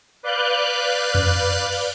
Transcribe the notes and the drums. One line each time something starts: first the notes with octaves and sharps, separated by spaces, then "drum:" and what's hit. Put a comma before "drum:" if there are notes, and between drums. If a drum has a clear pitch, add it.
B4 D5 F5 F#6 G6
drum: tom F2
drum: cymbal